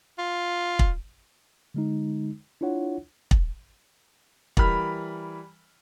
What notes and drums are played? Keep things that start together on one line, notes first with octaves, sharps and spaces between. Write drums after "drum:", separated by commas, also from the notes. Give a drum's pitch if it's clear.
F4
drum: kick
D3 G#3 D#4
D4 E4 F4 C#5 F#5
drum: kick
E3 G3 A#4 B5 F6 B6, drum: kick